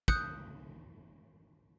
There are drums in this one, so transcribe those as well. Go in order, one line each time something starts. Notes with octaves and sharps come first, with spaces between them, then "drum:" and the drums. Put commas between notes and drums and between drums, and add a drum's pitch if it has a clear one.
D#6 F#6 G6 C#7, drum: kick